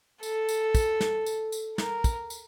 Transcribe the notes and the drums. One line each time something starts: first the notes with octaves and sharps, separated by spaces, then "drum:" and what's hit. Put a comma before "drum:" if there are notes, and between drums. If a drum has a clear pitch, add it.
A4, drum: tambourine
drum: tambourine
drum: kick, tambourine
drum: snare
drum: tambourine
drum: tambourine
A#4, drum: snare
drum: kick, tambourine
drum: tambourine